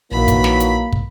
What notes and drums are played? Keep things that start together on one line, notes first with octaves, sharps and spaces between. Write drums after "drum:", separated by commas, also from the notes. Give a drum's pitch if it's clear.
A#1 E3 F#3 A#3 D#4 B5
drum: kick, hi-hat
drum: snare
drum: hi-hat
drum: kick